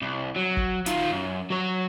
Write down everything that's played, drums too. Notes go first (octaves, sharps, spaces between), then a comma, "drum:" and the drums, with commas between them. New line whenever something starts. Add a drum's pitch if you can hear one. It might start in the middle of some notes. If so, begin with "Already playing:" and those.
C2
F#3
drum: kick G1
D#3 F4, drum: hi-hat
F#2
F#3 C#5